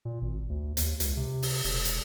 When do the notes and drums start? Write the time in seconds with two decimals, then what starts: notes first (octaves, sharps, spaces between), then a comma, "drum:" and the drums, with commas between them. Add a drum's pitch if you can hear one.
0.05 A#2
0.22 G#1
0.50 D2
0.77 D#2, drum: hi-hat
1.00 C#2, drum: hi-hat
1.17 C3
1.42 drum: open hi-hat
1.64 E1, drum: open hi-hat
1.85 drum: hi-hat